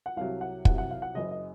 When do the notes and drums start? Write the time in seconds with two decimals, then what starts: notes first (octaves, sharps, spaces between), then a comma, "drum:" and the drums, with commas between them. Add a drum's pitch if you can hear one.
0.06 F#5
0.16 C2 C3 F#3 F5
0.41 F#5
0.65 C2 C3 F#3 F#5, drum: kick
0.78 F#5
0.91 F5
1.02 F#5
1.14 F#1 F#2 C#3 D#5
1.31 D#5